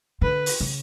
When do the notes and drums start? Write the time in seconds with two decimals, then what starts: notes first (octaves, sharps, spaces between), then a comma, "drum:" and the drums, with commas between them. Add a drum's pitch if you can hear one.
0.22 D3 B4
0.46 drum: open hi-hat
0.61 C#3